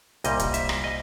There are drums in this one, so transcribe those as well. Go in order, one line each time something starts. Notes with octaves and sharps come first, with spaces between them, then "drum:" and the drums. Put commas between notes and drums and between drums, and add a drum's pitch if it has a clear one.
C2 A#2 G3 D#5, drum: hi-hat
drum: kick, hi-hat
E5, drum: hi-hat
drum: rim click
D#5